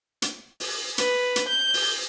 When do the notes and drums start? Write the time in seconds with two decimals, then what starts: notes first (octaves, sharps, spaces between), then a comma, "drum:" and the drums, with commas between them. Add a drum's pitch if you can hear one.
0.22 drum: hi-hat
0.60 drum: open hi-hat
0.98 B4, drum: hi-hat
1.36 drum: hi-hat
1.48 G6
1.74 drum: open hi-hat